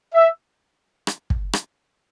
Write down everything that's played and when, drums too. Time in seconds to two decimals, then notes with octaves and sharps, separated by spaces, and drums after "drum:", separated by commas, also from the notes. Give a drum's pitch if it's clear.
0.14 E5
1.07 drum: rim click
1.30 drum: kick
1.53 drum: rim click